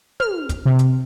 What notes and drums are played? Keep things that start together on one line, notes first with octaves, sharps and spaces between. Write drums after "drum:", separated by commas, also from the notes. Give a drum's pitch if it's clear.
F6, drum: tom
drum: kick, hi-hat
C3
drum: hi-hat